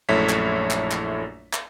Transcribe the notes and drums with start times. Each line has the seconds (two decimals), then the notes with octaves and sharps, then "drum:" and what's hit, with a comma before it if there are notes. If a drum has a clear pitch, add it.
0.09 A#1 F#2 A3 E4 C#5 B6
0.29 drum: clap
0.71 drum: clap
0.91 drum: clap
1.53 drum: clap